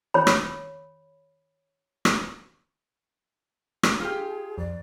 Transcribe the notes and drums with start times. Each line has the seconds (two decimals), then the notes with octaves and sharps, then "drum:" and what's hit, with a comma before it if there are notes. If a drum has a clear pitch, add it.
0.14 C#5 B5
0.27 drum: rim click
2.05 drum: rim click
3.83 drum: rim click
4.00 F4 G4 G#4
4.58 F2 D5